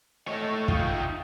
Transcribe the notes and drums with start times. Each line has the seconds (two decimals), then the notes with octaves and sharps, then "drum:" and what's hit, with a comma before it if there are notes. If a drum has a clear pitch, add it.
0.28 A3 C#5 D#5
0.49 C#6
0.68 D#4 F4 G5, drum: kick